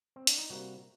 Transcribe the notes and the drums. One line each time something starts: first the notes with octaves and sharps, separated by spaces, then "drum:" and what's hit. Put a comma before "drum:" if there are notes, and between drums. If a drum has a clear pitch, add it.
C4
D4, drum: hi-hat
D#4
C3 G3 A#3 F#4